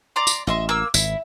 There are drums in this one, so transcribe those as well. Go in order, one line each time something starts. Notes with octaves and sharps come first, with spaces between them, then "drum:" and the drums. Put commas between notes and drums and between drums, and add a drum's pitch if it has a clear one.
D5 A#5 C6
drum: tambourine
A1 D#5 E5 C6
A#3 E6
G#1 E4, drum: tambourine